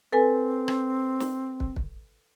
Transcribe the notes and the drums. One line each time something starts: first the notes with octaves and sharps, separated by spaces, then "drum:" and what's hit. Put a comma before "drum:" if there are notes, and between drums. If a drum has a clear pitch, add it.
C4 A4 B4 G#5
drum: rim click
drum: snare
drum: kick
drum: kick